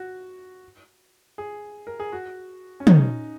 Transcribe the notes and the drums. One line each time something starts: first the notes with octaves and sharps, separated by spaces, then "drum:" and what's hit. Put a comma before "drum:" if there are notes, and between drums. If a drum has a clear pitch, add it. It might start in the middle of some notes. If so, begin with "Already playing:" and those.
Already playing: F#4
G#4
A#4
G#4
F#4
C#4
D#4, drum: tom